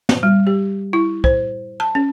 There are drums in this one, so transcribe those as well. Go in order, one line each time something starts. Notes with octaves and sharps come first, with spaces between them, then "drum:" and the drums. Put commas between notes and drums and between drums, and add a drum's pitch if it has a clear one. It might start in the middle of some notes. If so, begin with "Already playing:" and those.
drum: snare
G3
G4
E4
C5, drum: kick
A5
C#4